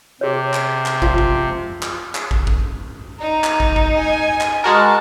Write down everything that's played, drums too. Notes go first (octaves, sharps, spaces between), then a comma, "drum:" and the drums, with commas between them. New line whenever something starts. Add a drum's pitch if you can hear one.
C3 G#4 C#5
drum: clap
drum: clap
F3 D5, drum: kick
drum: kick
drum: clap
drum: clap
drum: kick
drum: kick
D#4 A#5
drum: clap
drum: kick
drum: kick
G#5
drum: clap
G#3 F#4 A#4 A5